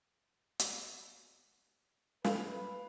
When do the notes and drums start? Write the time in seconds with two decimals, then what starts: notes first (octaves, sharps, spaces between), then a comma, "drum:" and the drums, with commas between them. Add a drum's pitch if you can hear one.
0.59 drum: hi-hat
2.25 B4 F5, drum: snare